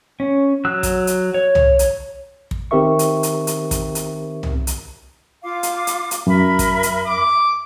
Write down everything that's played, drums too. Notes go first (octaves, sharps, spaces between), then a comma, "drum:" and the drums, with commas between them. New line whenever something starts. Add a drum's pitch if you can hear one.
C#4
F#3 E6 F#6
drum: kick, hi-hat
drum: hi-hat
C#5
drum: tom C2
drum: hi-hat
drum: kick
D#3 C4 G4 A#4 E5 C#6
drum: hi-hat
drum: hi-hat
drum: hi-hat
drum: kick, hi-hat
drum: hi-hat
drum: tom C2
drum: hi-hat
F4 F5 D6
drum: hi-hat
drum: hi-hat
drum: hi-hat
F#2 A#4 E5 B5
drum: kick, hi-hat
drum: hi-hat
D6